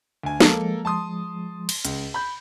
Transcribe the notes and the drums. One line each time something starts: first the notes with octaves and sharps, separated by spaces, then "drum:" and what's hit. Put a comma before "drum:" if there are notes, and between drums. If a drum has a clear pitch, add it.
D2 G#5
F3 G#3 A#3 A4, drum: snare
A5 C6 D#6
drum: cymbal
C#2, drum: hi-hat
B5 G6